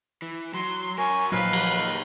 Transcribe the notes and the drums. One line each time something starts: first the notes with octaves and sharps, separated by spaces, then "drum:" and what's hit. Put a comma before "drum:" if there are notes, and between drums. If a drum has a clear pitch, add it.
E3
F#3 C6
F#2 A#4 C#5 G#5
A#2 F3 F#3 A#3 D#4 B4 F5
drum: cymbal